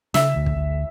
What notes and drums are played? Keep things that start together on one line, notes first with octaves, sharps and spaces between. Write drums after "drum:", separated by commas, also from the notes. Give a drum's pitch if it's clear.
C#3 E5 E6, drum: snare
D2
drum: kick
D2